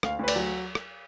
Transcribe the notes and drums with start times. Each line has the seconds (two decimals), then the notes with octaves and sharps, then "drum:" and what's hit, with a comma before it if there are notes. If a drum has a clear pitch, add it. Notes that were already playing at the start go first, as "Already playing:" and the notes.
0.03 D2 F5, drum: rim click
0.19 D2 B4
0.28 D5, drum: cymbal
0.36 F#3
0.75 drum: rim click